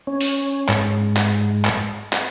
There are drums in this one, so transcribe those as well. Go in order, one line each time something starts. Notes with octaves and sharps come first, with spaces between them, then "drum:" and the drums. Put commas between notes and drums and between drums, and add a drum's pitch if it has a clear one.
C#4
drum: open hi-hat
G#2, drum: clap
drum: clap
drum: clap
drum: clap